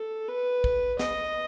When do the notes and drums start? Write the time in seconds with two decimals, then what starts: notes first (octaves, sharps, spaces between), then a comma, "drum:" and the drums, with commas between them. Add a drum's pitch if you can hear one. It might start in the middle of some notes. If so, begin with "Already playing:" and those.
Already playing: A4
0.29 B4
0.64 drum: kick
0.99 D#5, drum: snare